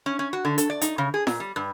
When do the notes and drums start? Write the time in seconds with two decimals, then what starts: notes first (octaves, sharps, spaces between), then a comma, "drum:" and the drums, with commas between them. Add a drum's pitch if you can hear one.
0.06 C#4
0.19 C#4
0.33 F#4
0.45 D3
0.58 A4, drum: hi-hat
0.70 D5
0.81 D#4, drum: hi-hat
0.98 C#3
1.14 G#4
1.27 A#2, drum: snare F4
1.40 G3
1.56 G2